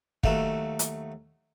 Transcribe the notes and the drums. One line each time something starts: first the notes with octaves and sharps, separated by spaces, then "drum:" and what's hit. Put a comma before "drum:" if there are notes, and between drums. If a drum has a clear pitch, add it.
D#2 F#3 A3 F5, drum: kick
drum: hi-hat